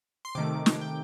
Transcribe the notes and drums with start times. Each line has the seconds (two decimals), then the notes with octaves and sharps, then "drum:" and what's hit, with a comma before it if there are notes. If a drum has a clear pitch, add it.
0.25 C6
0.35 C3 D#3 A3 D6
0.66 drum: snare
0.81 G5